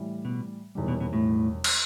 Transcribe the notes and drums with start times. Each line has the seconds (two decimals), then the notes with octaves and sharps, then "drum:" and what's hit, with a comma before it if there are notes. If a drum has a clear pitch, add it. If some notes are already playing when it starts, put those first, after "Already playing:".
Already playing: A2 E3 G3
0.25 B2
0.75 E1 E2 D#3 G3
0.88 B2
1.00 B2
1.13 A2
1.64 drum: cymbal